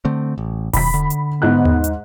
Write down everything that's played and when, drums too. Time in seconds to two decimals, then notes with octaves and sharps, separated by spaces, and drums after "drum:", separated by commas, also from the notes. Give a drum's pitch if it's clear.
0.05 D3 A3 C4
0.38 A1
0.73 B2 D#3 B5 B6, drum: kick E1, open hi-hat
0.94 D3
1.10 drum: hi-hat
1.42 G#2 B3 F#6
1.65 drum: tom D#2
1.84 drum: hi-hat